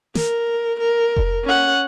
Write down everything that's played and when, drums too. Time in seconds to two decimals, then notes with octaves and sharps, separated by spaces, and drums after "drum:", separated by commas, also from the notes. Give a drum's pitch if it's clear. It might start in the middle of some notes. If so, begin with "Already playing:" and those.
0.15 A#4, drum: snare
0.80 A#4
1.17 drum: kick F1
1.44 C#4 F#5